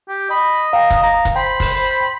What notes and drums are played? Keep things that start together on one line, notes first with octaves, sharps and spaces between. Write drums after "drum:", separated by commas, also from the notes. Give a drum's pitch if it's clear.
G4
D#5 B5
F5 G5 A#5
drum: kick, hi-hat
A#5
drum: kick, hi-hat
C5 G5 B5
drum: kick, open hi-hat
C5